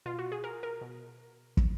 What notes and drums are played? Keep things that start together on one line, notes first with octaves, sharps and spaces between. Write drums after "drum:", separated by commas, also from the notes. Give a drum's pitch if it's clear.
B2 F4
F#4
G#4
A#4
A#4
B2
drum: kick